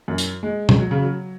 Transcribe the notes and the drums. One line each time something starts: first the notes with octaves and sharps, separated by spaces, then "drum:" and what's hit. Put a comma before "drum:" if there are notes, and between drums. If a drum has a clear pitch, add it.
F#2
drum: hi-hat
G#3
drum: tom
F#3
C#3
F#3